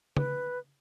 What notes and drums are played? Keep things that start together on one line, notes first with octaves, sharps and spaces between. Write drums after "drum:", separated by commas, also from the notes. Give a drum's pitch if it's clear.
B4, drum: tom C#3